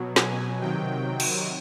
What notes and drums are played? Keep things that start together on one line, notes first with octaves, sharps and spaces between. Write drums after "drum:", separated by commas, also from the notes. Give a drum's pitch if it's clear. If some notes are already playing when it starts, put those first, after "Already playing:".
Already playing: B2 F#3
G#5, drum: snare
C3 D#3 F#3 G5
drum: cymbal